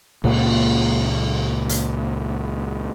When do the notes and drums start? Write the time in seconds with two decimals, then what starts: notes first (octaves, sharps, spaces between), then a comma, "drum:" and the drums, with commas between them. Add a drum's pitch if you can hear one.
0.24 C#2 A#2 A#3, drum: cymbal
1.69 drum: hi-hat